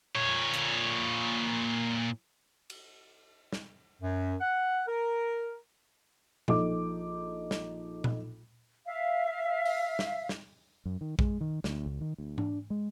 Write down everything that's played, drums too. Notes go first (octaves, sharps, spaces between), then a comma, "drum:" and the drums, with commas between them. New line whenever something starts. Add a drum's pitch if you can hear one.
A#2 C#5
drum: hi-hat
drum: cymbal
drum: snare
F#2
F#5
A#4
A#1 D#4 A4 D6, drum: tom A#2
drum: snare
drum: tom A#2
E5 F5
drum: open hi-hat
drum: snare
drum: snare
F#2
D#3
G#3, drum: kick A#1
D#3
D2, drum: snare
C#2
D#3
D2
D4, drum: tom G#2
G#3